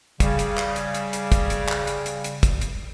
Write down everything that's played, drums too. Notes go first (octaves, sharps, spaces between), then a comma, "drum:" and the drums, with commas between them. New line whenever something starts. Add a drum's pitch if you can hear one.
C#3 G3, drum: kick, hi-hat
drum: hi-hat
drum: clap
drum: hi-hat
drum: hi-hat
drum: hi-hat
drum: kick, hi-hat
drum: hi-hat
drum: clap
drum: hi-hat
drum: hi-hat
drum: hi-hat
drum: kick, hi-hat
drum: hi-hat